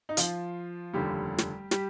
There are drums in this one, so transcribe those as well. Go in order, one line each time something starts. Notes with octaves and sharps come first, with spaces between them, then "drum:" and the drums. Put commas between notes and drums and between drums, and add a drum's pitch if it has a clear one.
D#4
F3 F4, drum: hi-hat
F1 D#2 D3 F3 G3 G4
drum: snare
G3 G4, drum: snare